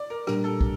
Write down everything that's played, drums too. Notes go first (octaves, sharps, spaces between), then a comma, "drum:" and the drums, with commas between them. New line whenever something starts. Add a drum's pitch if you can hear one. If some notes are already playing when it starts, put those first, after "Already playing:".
Already playing: D5
A#4
A#2 G3 D4 G4 A#4, drum: rim click
A4
drum: kick